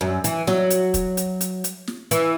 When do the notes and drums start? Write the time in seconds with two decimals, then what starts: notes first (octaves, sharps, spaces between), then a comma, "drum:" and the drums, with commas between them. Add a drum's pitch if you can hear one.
0.01 F#2
0.24 E3, drum: hi-hat
0.47 F#3, drum: snare
0.70 drum: hi-hat
0.94 drum: kick, hi-hat
1.17 drum: hi-hat
1.41 drum: hi-hat
1.64 drum: hi-hat
1.87 drum: snare
2.11 E3, drum: hi-hat